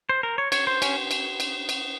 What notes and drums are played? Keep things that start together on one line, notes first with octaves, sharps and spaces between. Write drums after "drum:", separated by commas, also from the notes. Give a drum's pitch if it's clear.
C5
A#4
C#5
C#5, drum: cymbal
C5
C#4, drum: cymbal
drum: cymbal
drum: cymbal
drum: cymbal